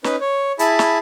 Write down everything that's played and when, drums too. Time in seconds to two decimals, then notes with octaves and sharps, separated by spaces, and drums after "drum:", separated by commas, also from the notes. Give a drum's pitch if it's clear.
0.04 C#4 D#4 B4, drum: snare
0.21 C#5
0.59 E4 G#4 A5 B5, drum: hi-hat
0.79 drum: snare